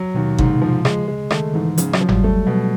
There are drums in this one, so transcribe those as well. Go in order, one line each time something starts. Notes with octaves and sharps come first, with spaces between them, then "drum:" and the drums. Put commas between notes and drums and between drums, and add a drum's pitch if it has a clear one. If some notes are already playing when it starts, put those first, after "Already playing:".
Already playing: F#3
D#2 B2
G#2 C3, drum: kick G1
F3
C#3 G#3, drum: rim click
G#3
D#3 A3, drum: rim click
G#2 E3
C#3 F3, drum: hi-hat
F#3, drum: rim click
F3
G3, drum: tom G1
A3
B2